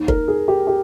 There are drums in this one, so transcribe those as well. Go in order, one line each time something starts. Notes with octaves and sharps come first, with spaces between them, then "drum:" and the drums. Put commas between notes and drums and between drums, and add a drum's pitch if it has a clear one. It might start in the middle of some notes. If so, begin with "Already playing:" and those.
Already playing: D#2 D#3
A#4, drum: kick
G#4
G4
G4